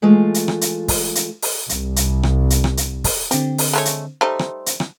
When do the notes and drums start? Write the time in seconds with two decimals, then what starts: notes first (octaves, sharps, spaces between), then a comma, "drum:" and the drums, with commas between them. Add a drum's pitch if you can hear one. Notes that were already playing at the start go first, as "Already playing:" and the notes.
0.02 E3 G#3 A3 F4
0.34 drum: hi-hat
0.48 drum: rim click
0.61 drum: hi-hat
0.88 drum: kick, open hi-hat
1.15 drum: hi-hat
1.42 drum: open hi-hat
1.69 C2, drum: hi-hat
1.96 drum: hi-hat
2.23 drum: rim click
2.50 drum: hi-hat
2.64 drum: rim click
2.77 drum: hi-hat
3.04 drum: kick, open hi-hat
3.31 D3 C4 G4, drum: hi-hat
3.58 drum: open hi-hat
3.73 G#3 A3 C#5
3.85 drum: hi-hat
4.21 G3 A3 D#4 C5
4.39 drum: rim click
4.66 drum: hi-hat
4.80 drum: rim click